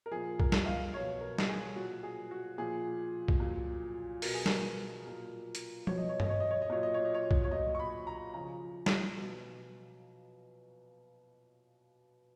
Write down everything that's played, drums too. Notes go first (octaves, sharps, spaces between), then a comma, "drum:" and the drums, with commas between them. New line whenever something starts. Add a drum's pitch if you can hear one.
A#4
A#2 F3 G#4
A#4, drum: kick B1
drum: snare
F5
B2 F#3 C#5
A#4
drum: snare
G#4
A#2 F#3 F#4
G#4
F#4
A#2 F3 G#4
drum: kick B1
A#2 F#3
B2 F#3 A#4, drum: open hi-hat
G#4
A#4, drum: snare
A#2 F#3
drum: hi-hat
B2 F#3 C#5, drum: tom F3
D#5
C#5
D#5, drum: tom G2
C#5
D#5
C#5
D#5
A#2 F#3 C#5
D#5
C#5
D#5
C#5
drum: kick B1
C#5
A#2 F#3 D#5
C#6
B5
A#5
C#3 F3 A#5
drum: snare
B2 F#3